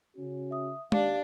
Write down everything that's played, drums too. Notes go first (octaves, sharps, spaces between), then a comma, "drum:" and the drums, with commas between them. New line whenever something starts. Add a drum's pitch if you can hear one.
C#3 C#4 F#4
E5 D#6
D#2 D4 G4 D5 F5, drum: tom